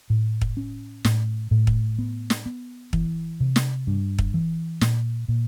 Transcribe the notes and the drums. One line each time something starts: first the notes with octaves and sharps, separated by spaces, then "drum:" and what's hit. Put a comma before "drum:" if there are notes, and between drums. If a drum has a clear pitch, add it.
A2
drum: kick
C#4
A2, drum: snare
A2
drum: kick
B3
drum: snare
B3
E3, drum: kick
C3
drum: snare
G2
drum: kick
E3
A#2, drum: snare
A#2